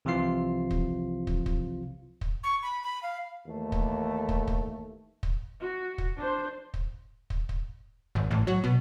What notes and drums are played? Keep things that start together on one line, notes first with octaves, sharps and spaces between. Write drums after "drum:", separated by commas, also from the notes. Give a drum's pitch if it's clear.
C2 C3 E3 F3 F4 C7
drum: kick
drum: kick
drum: kick
drum: kick
C#6
B5
B5
F5
D#2 E3 A3
drum: kick
drum: kick
drum: kick
drum: kick
F#4
drum: kick
D4 C5
drum: kick
drum: kick
drum: kick
G#1
A1
F#3
B2